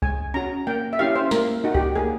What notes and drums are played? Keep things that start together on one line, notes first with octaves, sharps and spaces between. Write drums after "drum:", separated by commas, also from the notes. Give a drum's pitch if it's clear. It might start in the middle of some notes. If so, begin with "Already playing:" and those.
G#3 G#5, drum: kick C2
C#4 F#4 A#5
A#3 G5
E5
C#4 E4 G4 F5
C5
A#3 A#4, drum: snare
D#4 F#4
G4, drum: kick C2
A#3 G#4